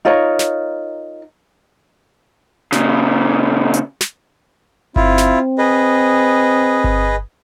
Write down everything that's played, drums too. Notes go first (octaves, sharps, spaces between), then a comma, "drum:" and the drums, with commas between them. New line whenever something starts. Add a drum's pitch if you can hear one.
D#4 F4 A#4 C#5
drum: snare
A#2 C#3, drum: snare
drum: hi-hat
drum: snare
C4 E4 F4, drum: kick G1
drum: snare
G#4 B4 D#5
drum: kick G1